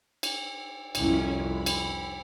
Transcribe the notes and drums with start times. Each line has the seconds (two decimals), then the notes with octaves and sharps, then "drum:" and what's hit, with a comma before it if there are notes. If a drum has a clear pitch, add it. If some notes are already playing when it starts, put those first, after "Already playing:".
0.23 drum: cymbal
0.95 C2 F2 C#4 E4, drum: cymbal
1.45 B5
1.66 drum: cymbal